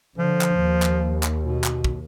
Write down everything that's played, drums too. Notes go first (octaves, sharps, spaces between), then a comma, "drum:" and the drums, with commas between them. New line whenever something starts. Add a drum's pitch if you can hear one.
D3 F3
drum: clap
D#2
drum: clap
drum: clap
B2
drum: clap
drum: kick